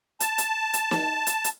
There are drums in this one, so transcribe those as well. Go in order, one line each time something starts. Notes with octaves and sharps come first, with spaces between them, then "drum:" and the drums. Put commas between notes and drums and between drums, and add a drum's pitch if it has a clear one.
A5, drum: hi-hat
drum: hi-hat
drum: hi-hat
drum: snare
drum: hi-hat
drum: hi-hat